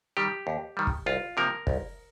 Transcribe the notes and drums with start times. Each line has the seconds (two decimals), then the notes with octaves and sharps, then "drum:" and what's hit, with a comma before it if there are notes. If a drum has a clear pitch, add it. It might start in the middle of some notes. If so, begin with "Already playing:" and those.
0.17 D#3 G3 G4
0.47 D#2
0.77 D#3 G3
0.87 drum: kick
1.06 C2 F4
1.37 C3 F3 A#3 A#4
1.67 C2, drum: kick